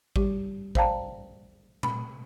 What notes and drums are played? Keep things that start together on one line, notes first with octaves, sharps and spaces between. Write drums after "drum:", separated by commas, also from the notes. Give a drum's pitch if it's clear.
G3 G4, drum: kick G#1
C5 D5 F5 G5 A5 A#5, drum: kick G#1
B5, drum: tom A#2